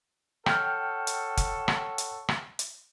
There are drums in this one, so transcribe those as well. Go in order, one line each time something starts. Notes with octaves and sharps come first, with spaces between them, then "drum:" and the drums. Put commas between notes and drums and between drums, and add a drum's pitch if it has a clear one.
A4 C#5 F#5 G5 F6, drum: rim click
drum: hi-hat
drum: kick F1, hi-hat
drum: rim click
drum: hi-hat
drum: rim click
drum: hi-hat